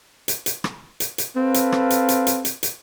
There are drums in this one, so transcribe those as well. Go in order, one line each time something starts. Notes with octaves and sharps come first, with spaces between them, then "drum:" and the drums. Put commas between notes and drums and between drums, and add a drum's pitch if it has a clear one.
drum: hi-hat
drum: hi-hat
drum: rim click
drum: hi-hat
drum: hi-hat
C4 A4 B4 F5
drum: hi-hat
drum: rim click
drum: hi-hat
drum: hi-hat
drum: hi-hat
drum: hi-hat
drum: hi-hat